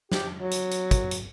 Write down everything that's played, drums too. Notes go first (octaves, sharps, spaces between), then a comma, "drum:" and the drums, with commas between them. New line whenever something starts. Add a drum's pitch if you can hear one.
G4, drum: snare
F#3
drum: hi-hat
drum: hi-hat
drum: kick, hi-hat
drum: hi-hat